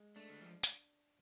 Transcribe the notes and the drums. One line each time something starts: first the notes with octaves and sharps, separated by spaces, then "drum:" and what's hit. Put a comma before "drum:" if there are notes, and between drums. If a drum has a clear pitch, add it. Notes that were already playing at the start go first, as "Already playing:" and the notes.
Already playing: G#3
A3 D4
D3
F3
drum: hi-hat